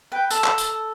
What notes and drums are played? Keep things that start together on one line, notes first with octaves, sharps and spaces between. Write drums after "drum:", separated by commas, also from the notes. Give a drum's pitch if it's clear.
B4 G5
A4 A5, drum: tambourine
drum: clap
drum: tambourine